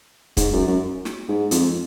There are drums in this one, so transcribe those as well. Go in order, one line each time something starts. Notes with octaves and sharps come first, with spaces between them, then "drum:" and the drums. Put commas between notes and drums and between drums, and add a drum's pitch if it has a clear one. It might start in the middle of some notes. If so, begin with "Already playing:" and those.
G#2, drum: kick, hi-hat
F#2
F#2
drum: snare
G#2
F2, drum: hi-hat